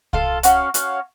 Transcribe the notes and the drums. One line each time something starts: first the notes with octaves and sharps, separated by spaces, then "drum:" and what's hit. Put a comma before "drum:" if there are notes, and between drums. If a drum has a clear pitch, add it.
F4 A4 F5, drum: kick C2
C#4 F#4 C#5 F5, drum: hi-hat
C#4 F#4 C#5 F5, drum: hi-hat